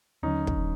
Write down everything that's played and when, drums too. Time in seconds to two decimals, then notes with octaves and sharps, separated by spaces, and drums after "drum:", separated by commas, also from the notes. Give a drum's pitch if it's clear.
0.22 D#2 D3 F#3 C#4 D#4
0.47 drum: kick